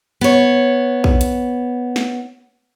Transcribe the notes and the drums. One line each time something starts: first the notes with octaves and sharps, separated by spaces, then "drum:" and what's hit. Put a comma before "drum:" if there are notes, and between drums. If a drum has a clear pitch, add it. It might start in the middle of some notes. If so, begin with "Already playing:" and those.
B3 C#5
drum: kick A#1
drum: hi-hat
drum: snare